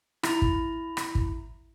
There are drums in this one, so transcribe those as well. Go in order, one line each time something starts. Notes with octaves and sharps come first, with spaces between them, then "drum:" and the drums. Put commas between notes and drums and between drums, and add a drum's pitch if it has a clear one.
E4 A#5, drum: rim click
drum: kick
drum: rim click
drum: kick